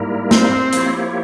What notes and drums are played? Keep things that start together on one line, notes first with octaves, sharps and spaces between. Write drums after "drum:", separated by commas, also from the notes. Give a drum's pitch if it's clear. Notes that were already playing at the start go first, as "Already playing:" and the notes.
Already playing: G#2 G3 A#3 E4 A#4
C4, drum: snare
F3 A#3 E4 G4 C#5, drum: hi-hat